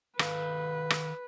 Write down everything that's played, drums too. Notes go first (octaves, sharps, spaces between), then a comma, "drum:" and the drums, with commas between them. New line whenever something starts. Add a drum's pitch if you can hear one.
D#3 A4 B4 F5, drum: rim click
drum: rim click